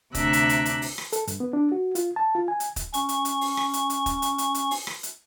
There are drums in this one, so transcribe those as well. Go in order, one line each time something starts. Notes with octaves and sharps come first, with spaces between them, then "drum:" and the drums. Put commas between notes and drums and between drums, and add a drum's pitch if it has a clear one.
D2 C3 D4 E5 A#5 F#6, drum: kick, hi-hat
drum: hi-hat
drum: hi-hat
drum: hi-hat
drum: open hi-hat
drum: rim click
A4, drum: hi-hat
G2, drum: hi-hat
B3
D4
F#4
F4, drum: hi-hat
A5
F4
G#5
drum: hi-hat
drum: kick, hi-hat
C#4 C#6, drum: hi-hat
drum: hi-hat
drum: hi-hat
drum: open hi-hat
drum: rim click
drum: hi-hat
drum: hi-hat
drum: kick, hi-hat
drum: hi-hat
drum: hi-hat
drum: hi-hat
drum: open hi-hat
drum: rim click
drum: hi-hat